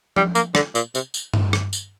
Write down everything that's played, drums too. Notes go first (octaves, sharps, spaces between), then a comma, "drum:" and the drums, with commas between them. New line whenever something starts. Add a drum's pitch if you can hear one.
G3, drum: tom F3
A#3, drum: tambourine
D3, drum: rim click
A#2, drum: tambourine
C3, drum: tambourine
drum: tambourine
drum: tom G2
drum: rim click
drum: tambourine